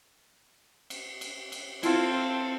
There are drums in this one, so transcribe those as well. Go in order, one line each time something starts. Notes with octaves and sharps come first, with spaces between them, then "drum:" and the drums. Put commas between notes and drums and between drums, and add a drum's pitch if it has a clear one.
drum: cymbal
drum: cymbal
drum: cymbal
C4 E4 F4 A4 F5, drum: cymbal